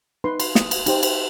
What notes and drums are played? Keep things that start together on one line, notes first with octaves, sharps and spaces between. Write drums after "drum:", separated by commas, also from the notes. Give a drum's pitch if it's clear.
D#4 B4 C6
C6, drum: cymbal
D#6, drum: snare
drum: cymbal
D#4 G4 C5, drum: cymbal
drum: cymbal